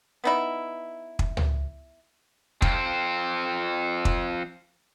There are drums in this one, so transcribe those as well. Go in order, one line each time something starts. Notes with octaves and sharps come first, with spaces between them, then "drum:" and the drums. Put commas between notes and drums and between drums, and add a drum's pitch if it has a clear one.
B3 D#4 E4
drum: kick
drum: tom C#2
F2 C4, drum: kick
drum: kick